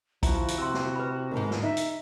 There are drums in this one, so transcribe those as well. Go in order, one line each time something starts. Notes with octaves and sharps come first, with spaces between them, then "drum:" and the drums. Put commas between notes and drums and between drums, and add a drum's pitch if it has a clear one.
F3 E4 F#4 A#5, drum: kick A#1, hi-hat
drum: hi-hat
C3 C6 E6
drum: snare
B4 B5
G#2 B2 D#3
drum: snare
D#4 E5
drum: hi-hat